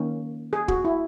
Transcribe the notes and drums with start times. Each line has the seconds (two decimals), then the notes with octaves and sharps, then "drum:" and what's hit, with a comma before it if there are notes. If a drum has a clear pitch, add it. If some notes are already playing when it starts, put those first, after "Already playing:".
Already playing: D#3 A#3 C#4
0.53 G#4
0.68 F#4, drum: kick
0.85 E4